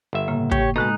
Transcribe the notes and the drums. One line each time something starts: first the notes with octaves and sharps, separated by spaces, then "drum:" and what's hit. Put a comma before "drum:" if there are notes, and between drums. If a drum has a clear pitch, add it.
G1 E5
A2 C#3 A#3
G4 C#5 C#6, drum: kick
B2 G#3 D#4 A4 F#6